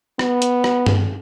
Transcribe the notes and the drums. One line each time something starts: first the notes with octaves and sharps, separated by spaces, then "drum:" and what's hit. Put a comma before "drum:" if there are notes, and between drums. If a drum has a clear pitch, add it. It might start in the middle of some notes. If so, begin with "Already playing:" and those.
B3, drum: rim click
drum: hi-hat
drum: rim click
drum: tom G2